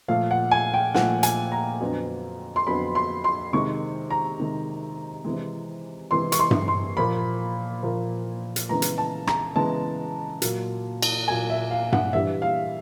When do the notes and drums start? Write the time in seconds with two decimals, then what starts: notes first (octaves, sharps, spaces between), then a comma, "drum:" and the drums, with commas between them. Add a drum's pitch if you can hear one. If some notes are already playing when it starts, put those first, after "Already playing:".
0.08 A#2 F3 A3 F5
0.31 F#5
0.51 G#5
0.74 G5
0.95 A#2 F3 A3 F#5, drum: snare
1.23 G#5, drum: hi-hat
1.52 A#5
1.80 F2 D3 F#3 B3
2.56 C6
2.67 F2 D3 F#3 B3 B5
2.95 C6
3.24 C6
3.53 C3 D#3 G#3 C#6
4.10 A#5
4.39 C3 D#3 G#3
5.25 C3 E3 G#3
6.11 C3 E3 G#3 C6
6.32 C#6, drum: hi-hat
6.39 C6
6.51 drum: tom G2
6.68 C6
6.97 A#2 F3 A#3 B5
7.83 A#2 F3 A#3
8.56 drum: hi-hat
8.69 C#3 E3 G#3 B3 A#5
8.82 drum: hi-hat
8.98 A5
9.27 A#5, drum: rim click
9.56 C#3 E3 G#3 B3 A5
10.42 A#2 F#3 A#3, drum: hi-hat
11.03 drum: cymbal
11.28 A#2 F#3 A#3 G#5
11.50 E5
11.71 F5
11.92 F#5, drum: tom G2
12.13 G2 E3 G3 E5
12.42 F5